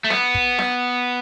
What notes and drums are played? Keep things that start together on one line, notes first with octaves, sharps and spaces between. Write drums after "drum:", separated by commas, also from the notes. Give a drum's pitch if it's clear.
A3
B3, drum: snare
drum: kick
drum: snare